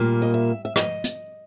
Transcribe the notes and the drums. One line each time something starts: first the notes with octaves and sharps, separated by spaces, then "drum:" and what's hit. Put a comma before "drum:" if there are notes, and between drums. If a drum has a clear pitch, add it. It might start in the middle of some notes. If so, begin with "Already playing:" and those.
Already playing: A#2 G3 A#3
D#5
E5
E5
D#5, drum: rim click
drum: hi-hat